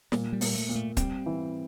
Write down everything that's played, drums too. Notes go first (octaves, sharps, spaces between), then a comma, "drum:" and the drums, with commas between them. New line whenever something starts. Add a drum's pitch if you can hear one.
A#2 G3, drum: snare
G3
A#2, drum: open hi-hat
A3
A#2
A3
G3 C4, drum: kick, hi-hat
E3